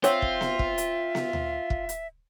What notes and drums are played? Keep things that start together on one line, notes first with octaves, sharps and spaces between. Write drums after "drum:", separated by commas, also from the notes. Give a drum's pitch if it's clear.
C4 F4 C#5 E5 F#5, drum: hi-hat
drum: kick
drum: snare B3
drum: kick
drum: hi-hat
drum: snare B3
drum: tom D2
drum: kick
drum: hi-hat